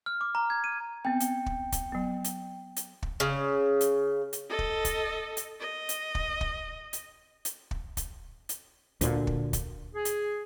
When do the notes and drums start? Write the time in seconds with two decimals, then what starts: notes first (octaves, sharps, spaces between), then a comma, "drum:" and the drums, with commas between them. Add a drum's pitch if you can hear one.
0.06 F6
0.21 D6
0.35 A#5
0.50 G#6
0.64 D#7
1.05 B3 C4 G5
1.20 drum: hi-hat
1.46 drum: kick
1.72 drum: kick, hi-hat
1.92 F#3 B3
2.24 drum: hi-hat
2.76 drum: hi-hat
3.03 drum: kick
3.20 C#3
3.81 drum: hi-hat
4.33 drum: hi-hat
4.50 A4 D#5
4.59 drum: kick
4.85 drum: kick, hi-hat
5.37 drum: hi-hat
5.60 D#5
5.89 drum: hi-hat
6.15 drum: kick
6.41 drum: kick
6.93 drum: hi-hat
7.45 drum: hi-hat
7.71 drum: kick
7.97 drum: kick, hi-hat
8.49 drum: hi-hat
9.01 D2 A#2 D3, drum: hi-hat
9.27 drum: kick
9.53 drum: kick, hi-hat
9.93 G#4
10.05 drum: hi-hat